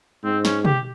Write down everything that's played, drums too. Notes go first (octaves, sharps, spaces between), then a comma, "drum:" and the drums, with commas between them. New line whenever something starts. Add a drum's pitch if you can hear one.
G#2 C4
C#4, drum: snare
G4, drum: tom